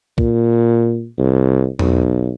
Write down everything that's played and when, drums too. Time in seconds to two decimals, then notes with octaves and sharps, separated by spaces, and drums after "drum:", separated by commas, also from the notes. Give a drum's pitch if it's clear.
0.18 A#2, drum: kick
1.18 C2
1.79 B1, drum: tom E2